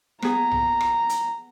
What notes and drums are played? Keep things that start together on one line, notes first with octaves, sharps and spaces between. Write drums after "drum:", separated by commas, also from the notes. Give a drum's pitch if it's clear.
B3 G#4 A#5, drum: rim click
drum: tom B1
drum: rim click
drum: hi-hat